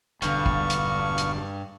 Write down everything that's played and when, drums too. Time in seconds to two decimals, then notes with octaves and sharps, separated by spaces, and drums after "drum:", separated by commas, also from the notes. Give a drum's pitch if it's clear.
0.22 E1 G2 D3 B3 F5 C#6, drum: hi-hat
0.46 drum: kick
0.70 drum: hi-hat
1.18 drum: hi-hat